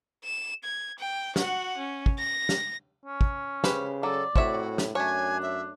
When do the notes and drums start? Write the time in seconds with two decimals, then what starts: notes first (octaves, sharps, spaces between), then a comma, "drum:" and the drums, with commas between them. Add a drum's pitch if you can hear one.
0.24 E7
0.64 G#6
0.98 G5
1.36 F#4 F#5, drum: snare
1.77 C#4
2.06 drum: kick
2.19 A#6
2.49 drum: snare
3.06 C#4
3.21 drum: kick
3.64 C#3 G4 B4 C5, drum: snare
4.03 F#3 A4 D5
4.36 A2 C4 F#4 C#5 E5, drum: kick
4.78 drum: snare
4.95 F#2 A3 D4 C#5 G#5
5.42 E5